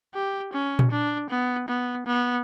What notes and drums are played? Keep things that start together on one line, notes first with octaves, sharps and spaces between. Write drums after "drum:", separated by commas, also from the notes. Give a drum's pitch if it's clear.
G4
C#4
drum: tom A#2
D4
B3
B3
B3